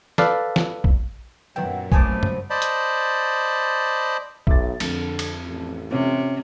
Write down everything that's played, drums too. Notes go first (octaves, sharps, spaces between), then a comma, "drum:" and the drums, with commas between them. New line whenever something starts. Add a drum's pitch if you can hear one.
A4 B4 D5 F5, drum: snare
drum: snare
drum: kick A#1
F#2 A#2 D#3 F#3 B3 E4 F#5 G5
F3 A3 B3 C4 G#5 A5 D6, drum: kick A#1
drum: tom F#2
C5 D5 D#5 A5 B5
drum: hi-hat
B1 E5 D6 A6, drum: kick A#1
F2 D3, drum: cymbal
drum: cymbal
A1
C3 C#4 F4